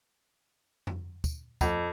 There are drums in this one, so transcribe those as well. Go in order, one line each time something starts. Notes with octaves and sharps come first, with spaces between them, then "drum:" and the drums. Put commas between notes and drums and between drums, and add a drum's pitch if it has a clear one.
drum: tom F2
drum: kick, tambourine
F2, drum: kick, tambourine